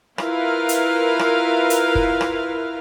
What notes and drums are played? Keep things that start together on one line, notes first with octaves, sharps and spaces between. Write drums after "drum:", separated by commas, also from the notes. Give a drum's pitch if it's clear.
E4 F4 A#4 B4 F5, drum: rim click
drum: hi-hat
drum: rim click
drum: hi-hat
drum: kick
drum: rim click